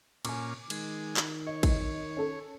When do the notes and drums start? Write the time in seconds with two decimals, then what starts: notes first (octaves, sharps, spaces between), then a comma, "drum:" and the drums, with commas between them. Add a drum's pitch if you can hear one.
0.25 A#2 C#4 G#5 D6, drum: cymbal
0.70 D#3 G#3, drum: cymbal
1.17 drum: clap
1.47 C#5 D#5
1.63 drum: kick, cymbal
2.17 C#4 A4